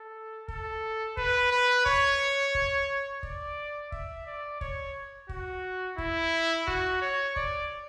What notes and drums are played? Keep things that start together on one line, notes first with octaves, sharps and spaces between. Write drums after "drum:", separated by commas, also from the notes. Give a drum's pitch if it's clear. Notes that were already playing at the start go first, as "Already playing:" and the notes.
Already playing: A4
A4, drum: kick
B4, drum: kick
B4
C#5, drum: kick
drum: kick
D5, drum: kick
E5, drum: kick
D5
C#5, drum: kick
F#4, drum: kick
E4, drum: kick
F#4, drum: kick
C#5
D5, drum: kick